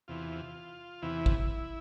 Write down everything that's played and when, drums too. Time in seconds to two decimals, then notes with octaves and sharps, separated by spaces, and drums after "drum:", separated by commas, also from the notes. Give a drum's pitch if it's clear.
0.08 E2 C3 E3 F4
1.02 E2 C3 E3 E4
1.26 drum: kick A1